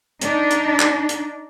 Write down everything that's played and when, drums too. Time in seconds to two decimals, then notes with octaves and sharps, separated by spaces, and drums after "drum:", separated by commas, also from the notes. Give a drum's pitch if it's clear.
0.21 D4 D#4, drum: hi-hat
0.51 drum: hi-hat
0.80 drum: clap
1.09 drum: hi-hat